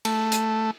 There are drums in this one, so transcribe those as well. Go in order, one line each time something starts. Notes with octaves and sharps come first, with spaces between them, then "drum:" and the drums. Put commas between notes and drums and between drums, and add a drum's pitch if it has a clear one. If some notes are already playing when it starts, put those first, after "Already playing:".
A3, drum: cymbal
drum: hi-hat